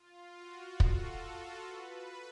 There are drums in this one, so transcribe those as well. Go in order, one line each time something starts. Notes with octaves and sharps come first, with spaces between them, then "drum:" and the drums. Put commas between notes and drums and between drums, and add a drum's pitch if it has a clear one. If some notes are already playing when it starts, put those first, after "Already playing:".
Already playing: F4
F#4
A4, drum: kick
A4
B4